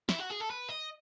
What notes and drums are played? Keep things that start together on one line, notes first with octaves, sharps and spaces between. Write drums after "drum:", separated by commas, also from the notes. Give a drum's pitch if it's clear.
E4, drum: snare
F#4
G#4
A4
B4
D#5